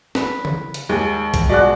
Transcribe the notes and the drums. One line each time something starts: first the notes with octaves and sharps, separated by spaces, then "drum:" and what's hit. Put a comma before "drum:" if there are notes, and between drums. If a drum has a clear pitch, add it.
B4, drum: snare
drum: tom C#3
drum: hi-hat
D#2 G#3
drum: kick, hi-hat
B2 G#3 F#4 D5 F#6